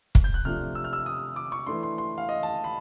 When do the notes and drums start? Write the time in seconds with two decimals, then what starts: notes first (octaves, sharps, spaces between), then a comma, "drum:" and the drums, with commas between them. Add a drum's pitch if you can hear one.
0.15 drum: kick
0.24 G6
0.34 F#6
0.45 C3 F3 A3 D4 F6
0.75 E6
0.84 F6
0.93 E6
1.06 D#6
1.36 D6
1.52 C#6
1.67 E3 A3 D4 C6
1.83 C6
1.98 C6
2.18 F5
2.29 D#5
2.43 A5
2.64 B5